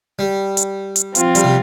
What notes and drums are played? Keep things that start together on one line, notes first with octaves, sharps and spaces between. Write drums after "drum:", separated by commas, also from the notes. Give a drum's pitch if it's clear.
G3
drum: hi-hat
drum: hi-hat
F3 C4 F4, drum: hi-hat
G3, drum: hi-hat
C3